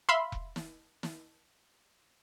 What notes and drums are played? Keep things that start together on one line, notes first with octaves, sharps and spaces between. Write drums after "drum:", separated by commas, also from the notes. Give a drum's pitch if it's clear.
E5 F5 B5 C6
drum: kick E1
drum: snare
drum: snare